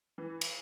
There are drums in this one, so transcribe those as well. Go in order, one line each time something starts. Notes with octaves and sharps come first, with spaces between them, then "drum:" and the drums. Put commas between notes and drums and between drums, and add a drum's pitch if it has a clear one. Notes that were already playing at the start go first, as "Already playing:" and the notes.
E3
drum: cymbal